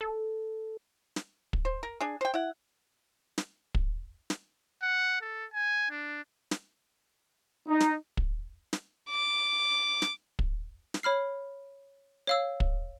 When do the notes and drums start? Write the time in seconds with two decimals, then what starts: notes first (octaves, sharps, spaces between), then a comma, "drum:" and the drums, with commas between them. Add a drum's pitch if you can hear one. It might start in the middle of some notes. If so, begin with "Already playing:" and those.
0.01 A4
1.16 drum: snare
1.53 drum: kick
1.65 C5
1.83 A#4
2.00 D4 G#4
2.21 C5 G5
2.34 E4 F#5
3.38 drum: snare
3.75 drum: kick
4.30 drum: snare
4.82 F#5
5.21 A4
5.53 G#5
5.91 D4
6.51 drum: snare
7.68 D#4
7.80 drum: snare
8.17 drum: kick
8.73 drum: snare
9.10 D6
10.02 drum: snare
10.39 drum: kick
10.94 drum: snare
11.03 C#5 B5 F6 C7
12.27 C#5 F5 E6
12.60 drum: kick